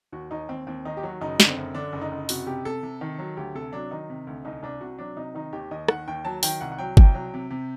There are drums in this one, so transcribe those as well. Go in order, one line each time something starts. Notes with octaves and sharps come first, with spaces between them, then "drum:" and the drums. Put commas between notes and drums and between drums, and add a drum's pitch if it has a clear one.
D#2 F#4
D#2 D#4
D#2 C4
D#2 C4
D#3 D#4
G4
F#3 F#4
F#1 D#4
D3 D4, drum: snare
C4
F#2
D3 D4
F#1
D#4
F#1
C3 F#4, drum: open hi-hat
C3 G4
C3 A4
C3
D#3
F#3
D2 G4
C3 A4
F#3 D4
D#3 D#4
C3
D2
C2 D#4
C2 D4
C3 F#4
F#3 D4
C3 D#4
D#3 D#4
D#2 G4
D#2 D#5
D#3 F#5, drum: rim click
D#2 G5
F#3 A5
D#3 G5, drum: open hi-hat
C2 F#5
F#5
F#3 G5
C2 G5, drum: kick G1
F#3
C3
C3